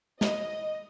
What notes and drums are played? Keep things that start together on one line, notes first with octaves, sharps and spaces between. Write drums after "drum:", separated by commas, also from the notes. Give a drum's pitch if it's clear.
D#5, drum: snare